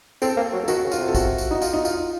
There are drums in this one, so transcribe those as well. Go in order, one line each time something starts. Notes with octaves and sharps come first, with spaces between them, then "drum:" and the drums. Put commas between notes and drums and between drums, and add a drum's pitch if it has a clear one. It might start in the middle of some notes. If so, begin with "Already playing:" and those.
C4 A4, drum: tambourine
A#3
F#3
A4
D#3 F#4, drum: tambourine
C#3
F4, drum: tambourine
C3
A4
F#4, drum: kick, tambourine
drum: tambourine
D#4
F4, drum: tambourine
D#4
F4, drum: tambourine